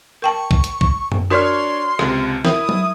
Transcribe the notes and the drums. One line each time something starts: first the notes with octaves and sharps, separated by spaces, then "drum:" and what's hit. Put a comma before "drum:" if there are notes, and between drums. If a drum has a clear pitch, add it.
A#4 G5 A5 C#6
drum: kick
drum: hi-hat
drum: kick
drum: tom F#2
D4 F#4 A#4 C#5 D5 C6 F6
C#2 C3, drum: rim click
E4 A#4 D#6, drum: snare
drum: tom F#3